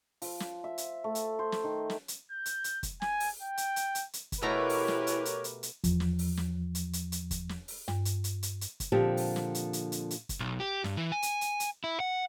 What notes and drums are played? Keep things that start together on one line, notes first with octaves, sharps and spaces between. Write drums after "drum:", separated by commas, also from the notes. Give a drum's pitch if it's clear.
F3, drum: open hi-hat
drum: snare
E5
drum: hi-hat
A3
drum: hi-hat
C5
drum: snare
D#3
drum: snare
drum: hi-hat
G6
drum: hi-hat
drum: hi-hat
drum: kick, hi-hat
G#5, drum: snare
drum: open hi-hat
G5
drum: hi-hat
drum: hi-hat
drum: hi-hat
drum: hi-hat
drum: kick, hi-hat
B2 E3 A3 G4 A#4 B4 C#5 A#5
drum: open hi-hat
drum: snare
drum: hi-hat
drum: hi-hat
drum: hi-hat
drum: hi-hat
E2 F3, drum: kick, hi-hat
drum: snare
drum: open hi-hat
drum: snare
drum: hi-hat
drum: hi-hat
drum: hi-hat
drum: kick, hi-hat
drum: snare
drum: open hi-hat
G2, drum: snare
drum: hi-hat
drum: hi-hat
drum: hi-hat
drum: hi-hat
drum: kick, hi-hat
A#2 D3 F3 C4 G4
drum: open hi-hat
drum: snare
drum: hi-hat
drum: hi-hat
drum: hi-hat
drum: hi-hat
drum: kick, hi-hat
B1
G4
G2, drum: snare
E3
G#5
drum: hi-hat
drum: hi-hat
drum: hi-hat
E4
F#5